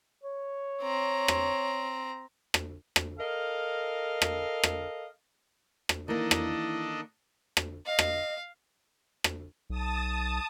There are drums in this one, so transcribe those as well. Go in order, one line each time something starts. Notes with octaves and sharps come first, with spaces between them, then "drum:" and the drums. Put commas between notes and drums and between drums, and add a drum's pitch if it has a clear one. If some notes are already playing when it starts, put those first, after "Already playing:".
C#5
C4 A#5
drum: rim click
drum: rim click
drum: rim click
A4 A#4 D#5 F5
drum: rim click
drum: rim click
drum: rim click
D#3 E3 A#3 D4 A4 D#5
drum: rim click
drum: rim click
D#5 F5
drum: rim click
drum: rim click
B1 A5 D#6